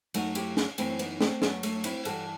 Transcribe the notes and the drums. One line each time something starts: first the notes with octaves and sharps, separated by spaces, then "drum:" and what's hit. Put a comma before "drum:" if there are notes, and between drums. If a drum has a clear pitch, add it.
F#2 F#3 A3 D#4 F#4, drum: cymbal
E4 G4, drum: cymbal
drum: snare
F#2 E3 A3 C4 E4, drum: cymbal
B3 D#4, drum: cymbal
A3 C4, drum: snare
F#2 F#3 A3 B3, drum: snare
A3, drum: cymbal
C4 E4, drum: cymbal
G2 E3 G3 F#4 A4, drum: cymbal